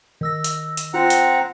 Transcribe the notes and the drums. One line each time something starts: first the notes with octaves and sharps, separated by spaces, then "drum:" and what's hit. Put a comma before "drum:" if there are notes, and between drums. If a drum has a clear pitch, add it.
D#3 E6 A#6
drum: hi-hat
drum: hi-hat
C4 F4 F#5 A#5
drum: hi-hat